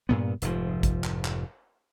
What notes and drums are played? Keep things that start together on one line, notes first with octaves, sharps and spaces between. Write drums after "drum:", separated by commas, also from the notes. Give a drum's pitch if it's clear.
G2 A#2 B3
F1 G#2 F3, drum: hi-hat
drum: kick, hi-hat
drum: clap
drum: clap